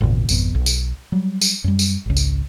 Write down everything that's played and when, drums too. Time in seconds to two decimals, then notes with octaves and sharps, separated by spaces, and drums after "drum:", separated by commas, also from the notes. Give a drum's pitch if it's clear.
0.01 G#1 E2 A#2 C#3
0.29 G#1 F2 B2, drum: tambourine
0.55 B1
0.66 drum: tambourine
1.12 F#3 G3
1.41 drum: tambourine
1.64 F#2 G3
1.79 drum: tambourine
2.06 G#1 C#2
2.17 drum: tambourine